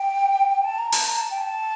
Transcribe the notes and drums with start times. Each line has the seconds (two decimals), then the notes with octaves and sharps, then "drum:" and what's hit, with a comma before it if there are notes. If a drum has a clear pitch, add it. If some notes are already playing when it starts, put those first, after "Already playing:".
Already playing: G5
0.63 A5
0.78 A#5
0.92 A5, drum: open hi-hat
1.07 A#5
1.18 A5
1.30 G5
1.41 A5